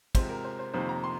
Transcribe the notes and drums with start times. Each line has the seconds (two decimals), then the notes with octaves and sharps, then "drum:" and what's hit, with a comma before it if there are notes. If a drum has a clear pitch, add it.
0.15 C3 G#3 C4 F4 C5, drum: kick, cymbal
0.29 A#4
0.44 C5
0.59 C5
0.74 F2 C3 D#3 A#3 C5
0.89 A#5
1.04 C6